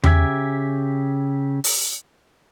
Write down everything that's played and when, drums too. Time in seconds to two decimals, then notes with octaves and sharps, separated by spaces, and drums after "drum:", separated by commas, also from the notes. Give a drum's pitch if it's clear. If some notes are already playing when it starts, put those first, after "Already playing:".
0.04 C#3 G4 E5 G#5, drum: tom E2
1.64 drum: open hi-hat